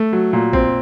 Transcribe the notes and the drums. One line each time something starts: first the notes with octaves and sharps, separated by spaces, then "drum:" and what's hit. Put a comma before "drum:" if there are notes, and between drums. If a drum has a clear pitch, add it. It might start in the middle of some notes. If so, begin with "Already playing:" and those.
Already playing: A3
F#3
A#2
C4, drum: kick